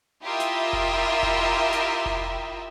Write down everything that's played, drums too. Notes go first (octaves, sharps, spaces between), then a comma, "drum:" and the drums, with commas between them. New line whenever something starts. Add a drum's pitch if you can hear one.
E4 F4 G4 A#4 D#5 E5
drum: snare
drum: kick F1
drum: kick F1
drum: snare
drum: kick F1